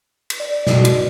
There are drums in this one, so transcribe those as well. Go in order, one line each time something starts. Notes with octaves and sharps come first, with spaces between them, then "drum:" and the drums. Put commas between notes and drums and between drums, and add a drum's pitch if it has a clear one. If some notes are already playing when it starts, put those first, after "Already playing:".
drum: cymbal
D5
B2, drum: snare
drum: cymbal